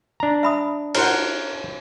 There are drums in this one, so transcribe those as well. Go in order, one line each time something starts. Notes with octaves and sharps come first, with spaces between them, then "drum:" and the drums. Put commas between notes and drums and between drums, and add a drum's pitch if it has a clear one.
D4 A#5
E5 B5 D#6
E4 A#4 C5 C#5 F#5, drum: cymbal